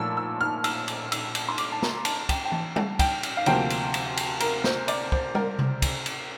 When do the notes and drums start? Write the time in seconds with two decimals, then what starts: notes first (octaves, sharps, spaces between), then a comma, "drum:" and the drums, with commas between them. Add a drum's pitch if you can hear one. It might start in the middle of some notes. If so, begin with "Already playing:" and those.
Already playing: A#2 F3 A3 E6
0.17 E6
0.41 F6
0.64 E6, drum: cymbal
0.88 drum: cymbal
1.12 E6, drum: cymbal
1.35 drum: cymbal
1.49 C6
1.58 D6, drum: cymbal
1.72 A5
1.82 A#5, drum: snare
2.05 A5, drum: cymbal
2.29 G5, drum: kick, cymbal
2.45 G5
2.52 A5, drum: tom E3
2.76 drum: tom G3
2.99 G5, drum: kick, cymbal
3.23 drum: cymbal
3.37 F5
3.46 D2 C3 F3 A#3 G5, drum: cymbal
3.70 drum: cymbal
3.94 drum: cymbal
4.17 drum: cymbal
4.40 A#4, drum: cymbal
4.64 C5, drum: snare
4.88 D5, drum: cymbal
5.12 C5, drum: kick
5.35 A#4, drum: tom G3
5.59 drum: tom C3
5.82 drum: kick, cymbal
6.06 drum: cymbal